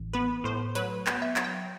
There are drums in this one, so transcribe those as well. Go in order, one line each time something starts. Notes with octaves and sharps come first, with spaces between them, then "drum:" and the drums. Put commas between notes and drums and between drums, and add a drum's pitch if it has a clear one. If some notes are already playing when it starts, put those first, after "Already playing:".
Already playing: A1
B3 B4
A2 C5
F#3 B4, drum: hi-hat
B3, drum: clap
E5
F#3, drum: clap
G5